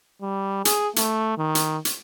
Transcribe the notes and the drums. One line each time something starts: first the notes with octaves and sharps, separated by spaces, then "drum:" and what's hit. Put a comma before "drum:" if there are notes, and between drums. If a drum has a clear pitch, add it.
G3
G#4, drum: hi-hat
A3, drum: hi-hat
D#3
drum: hi-hat
drum: hi-hat